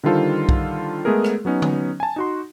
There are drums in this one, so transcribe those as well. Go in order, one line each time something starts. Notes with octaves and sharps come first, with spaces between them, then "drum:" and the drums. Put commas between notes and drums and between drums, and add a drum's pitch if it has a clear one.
D3 D#3 G3 F4 A4 C5
drum: kick B1
G#3 A3 B3 G#4 A#4
drum: rim click
F#3 B3 C#4 D#4
drum: tom D3
G#5 A5
D#4 F#4 C6